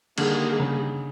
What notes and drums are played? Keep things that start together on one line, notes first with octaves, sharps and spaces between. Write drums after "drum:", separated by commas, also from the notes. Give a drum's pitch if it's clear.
D3 D#3 G3 A#3 D#4 G#4, drum: cymbal
C#3